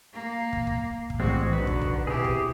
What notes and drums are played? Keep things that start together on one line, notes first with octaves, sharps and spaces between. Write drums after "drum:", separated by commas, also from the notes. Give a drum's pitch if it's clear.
A#3
drum: kick
drum: kick
drum: kick
B1 A2 D#3 E3 G#3 C4 F#4
D3 D#3 F#4 B4
drum: kick
drum: kick
B2 C4 E4 G4 G#4
drum: kick